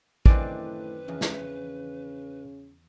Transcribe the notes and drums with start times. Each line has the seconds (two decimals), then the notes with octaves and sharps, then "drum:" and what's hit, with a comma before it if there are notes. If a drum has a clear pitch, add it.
0.26 F#2 A2 D#3 E3 C4 D4 B4 D5, drum: kick
1.08 E2 C#3 E3 F3
1.21 drum: snare